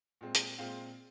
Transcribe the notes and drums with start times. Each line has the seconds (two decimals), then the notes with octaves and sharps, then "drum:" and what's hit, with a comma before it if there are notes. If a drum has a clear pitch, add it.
0.21 A#2 G#3 C4
0.34 drum: hi-hat
0.58 A#2 G#3 C4 F5